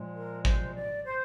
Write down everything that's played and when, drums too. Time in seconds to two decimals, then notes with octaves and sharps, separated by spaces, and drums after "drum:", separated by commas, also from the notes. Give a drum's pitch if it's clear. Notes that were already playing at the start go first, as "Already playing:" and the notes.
Already playing: A#2 F3 G#3
0.14 A#4
0.45 C5, drum: kick
0.75 D5
1.06 C5